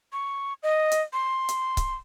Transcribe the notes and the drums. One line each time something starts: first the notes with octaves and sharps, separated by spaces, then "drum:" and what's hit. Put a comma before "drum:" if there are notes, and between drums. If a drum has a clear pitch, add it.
C#6
D#5
drum: hi-hat
C6
drum: hi-hat
drum: kick C#1, hi-hat